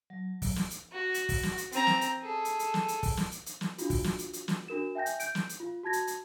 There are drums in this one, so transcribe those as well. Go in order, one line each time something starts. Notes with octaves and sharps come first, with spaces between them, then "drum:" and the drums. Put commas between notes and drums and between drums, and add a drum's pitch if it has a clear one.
F#3
drum: kick, open hi-hat
drum: snare
drum: hi-hat
F#4
drum: hi-hat
drum: kick, open hi-hat
drum: snare
drum: hi-hat
C4 A#5, drum: hi-hat
drum: snare
drum: hi-hat
G#4 A4
drum: hi-hat
drum: hi-hat
drum: snare
drum: hi-hat
drum: kick, open hi-hat
drum: snare
drum: hi-hat
drum: hi-hat
drum: snare
D4 F4 F#4, drum: hi-hat
drum: kick, open hi-hat
drum: snare
drum: hi-hat
drum: hi-hat
drum: snare
D4 F#4 A#4 E7
E5 G5 G#5 G6 A#6
drum: hi-hat
G6 D7, drum: hi-hat
drum: snare
drum: hi-hat
F4
F#4 A5 G#6 A#6
drum: hi-hat
drum: hi-hat